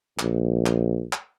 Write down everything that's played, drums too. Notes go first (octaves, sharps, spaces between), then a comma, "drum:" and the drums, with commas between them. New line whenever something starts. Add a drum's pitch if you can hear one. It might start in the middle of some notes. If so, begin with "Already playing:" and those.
A#1, drum: clap
drum: clap
drum: clap